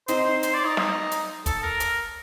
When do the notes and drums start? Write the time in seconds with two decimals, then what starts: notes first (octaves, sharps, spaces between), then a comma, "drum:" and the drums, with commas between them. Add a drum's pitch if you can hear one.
0.08 C4 D#4 C5, drum: hi-hat
0.25 C5
0.43 C5, drum: hi-hat
0.54 D5
0.66 D#4
0.77 D#4, drum: snare
1.11 drum: hi-hat
1.46 A4, drum: kick, hi-hat
1.63 A#4
1.80 drum: hi-hat